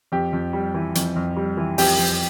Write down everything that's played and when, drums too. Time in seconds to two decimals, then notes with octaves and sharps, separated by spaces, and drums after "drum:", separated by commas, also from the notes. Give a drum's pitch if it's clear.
0.12 F2 G4
0.33 F2
0.53 G3
0.74 E3
0.95 F2, drum: hi-hat
1.16 F2
1.36 G3
1.57 E3
1.78 F2 G4, drum: open hi-hat
1.99 F2